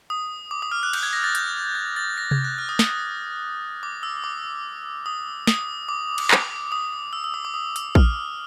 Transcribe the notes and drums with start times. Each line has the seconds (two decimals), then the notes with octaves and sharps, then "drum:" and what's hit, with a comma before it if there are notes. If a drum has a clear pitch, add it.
0.10 D#6
0.51 D6
0.62 D#6
0.72 F6
0.83 F#6
0.93 G6, drum: cymbal
1.03 G#6
1.13 A#6
1.24 A6
1.35 G6, drum: hi-hat
1.75 G#6
1.96 A6
2.17 A#6
2.31 G#6, drum: tom C3
2.44 F#6
2.58 F6
2.69 D#6
2.79 D#6, drum: snare
2.90 D#6
3.83 D6
4.03 E6
4.24 D6
5.06 D#6
5.47 D#6, drum: snare
5.88 D6
6.18 drum: cymbal
6.31 D6, drum: clap
6.72 D#6
7.13 E6
7.24 E6
7.34 D#6
7.45 D6
7.54 D#6
7.76 E6, drum: hi-hat
7.95 F6, drum: kick